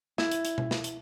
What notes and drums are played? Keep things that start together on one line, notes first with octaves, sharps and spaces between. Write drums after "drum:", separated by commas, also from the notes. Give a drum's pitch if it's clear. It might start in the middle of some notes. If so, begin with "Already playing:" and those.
E4, drum: snare
drum: hi-hat
drum: hi-hat
drum: tom B2
drum: snare
drum: hi-hat